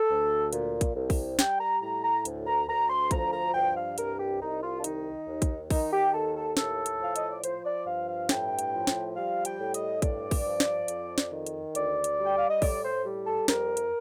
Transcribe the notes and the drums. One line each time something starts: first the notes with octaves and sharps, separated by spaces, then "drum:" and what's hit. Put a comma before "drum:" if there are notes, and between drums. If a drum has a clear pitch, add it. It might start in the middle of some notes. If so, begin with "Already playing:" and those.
Already playing: A4
D2
A#2, drum: hi-hat
drum: kick A#1, hi-hat
C2
drum: kick A#1, open hi-hat
G3 G5, drum: snare
A#5
A2 A#5
A#5
D2, drum: hi-hat
A#5
D2 A#5
C6
F3 A#5, drum: kick A#1, hi-hat
A#5
G2 G5
F5
C2 A#4, drum: hi-hat
G4
C2 D#4
F4
D4
D#3 D#4, drum: hi-hat
D#2
drum: kick A#1, hi-hat
D#3 D#4, drum: kick A#1, open hi-hat
G4
D#2 A4
A4
A2 A4, drum: snare
drum: hi-hat
F3 F5
D#5, drum: hi-hat
D5
F3 C5, drum: hi-hat
D5
G2 F5
F5
A2 G5, drum: snare
drum: hi-hat
F3
drum: snare
G3 F5
G5, drum: hi-hat
A2
D#5, drum: hi-hat
G2 D5, drum: kick A#1, hi-hat
drum: kick A#1, open hi-hat
F3
drum: snare
F2, drum: hi-hat
drum: snare
D#3
drum: hi-hat
D2 D5, drum: hi-hat
drum: hi-hat
G3
G5
F5
D#5
A2 D5, drum: kick A#1, open hi-hat
C5
G3
A4
F2 A#4, drum: snare
drum: hi-hat